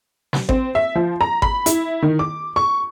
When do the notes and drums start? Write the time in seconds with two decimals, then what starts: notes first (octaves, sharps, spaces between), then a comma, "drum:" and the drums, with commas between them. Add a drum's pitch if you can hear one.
0.33 drum: snare
0.49 C4, drum: kick G#1
0.75 E5
0.95 F3
1.21 A#5
1.42 B5, drum: kick G#1
1.66 E4, drum: hi-hat
2.02 D#3
2.19 D6
2.56 C#6